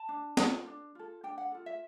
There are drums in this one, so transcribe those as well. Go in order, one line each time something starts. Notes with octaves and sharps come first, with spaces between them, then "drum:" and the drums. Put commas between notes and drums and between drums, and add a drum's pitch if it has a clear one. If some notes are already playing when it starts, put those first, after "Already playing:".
Already playing: A5
D4
F4 A4, drum: snare
D4
F4 A4
D4 G5
F#5
F4 A4
E5